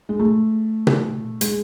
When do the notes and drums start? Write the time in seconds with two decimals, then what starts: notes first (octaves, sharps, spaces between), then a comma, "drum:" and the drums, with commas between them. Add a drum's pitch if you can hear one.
0.09 G#3
0.19 A3
0.87 drum: tom B2
1.41 G#3, drum: hi-hat